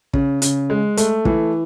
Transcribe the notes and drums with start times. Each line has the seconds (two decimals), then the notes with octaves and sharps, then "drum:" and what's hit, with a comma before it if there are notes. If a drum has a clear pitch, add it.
0.14 C#3, drum: kick
0.42 C#3, drum: hi-hat
0.70 G#3
0.97 A3, drum: hi-hat
1.25 E3, drum: kick